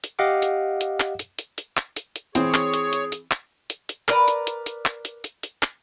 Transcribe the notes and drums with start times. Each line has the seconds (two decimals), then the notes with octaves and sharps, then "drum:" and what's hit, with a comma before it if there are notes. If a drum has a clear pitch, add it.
0.04 drum: hi-hat
0.19 G4 D#5 F5 F#5 D6
0.42 drum: hi-hat
0.81 drum: hi-hat
1.00 drum: clap
1.19 drum: hi-hat
1.39 drum: hi-hat
1.58 drum: hi-hat
1.77 drum: clap
1.96 drum: hi-hat
2.16 drum: hi-hat
2.35 E3 C4 G#4 C#5, drum: hi-hat
2.54 drum: clap
2.74 drum: hi-hat
2.93 drum: hi-hat
3.12 drum: hi-hat
3.31 drum: clap
3.70 drum: hi-hat
3.89 drum: hi-hat
4.08 A#4 B4 D5 A#5, drum: clap
4.28 drum: hi-hat
4.47 drum: hi-hat
4.66 drum: hi-hat
4.86 drum: clap
5.05 drum: hi-hat
5.24 drum: hi-hat
5.43 drum: hi-hat
5.63 drum: clap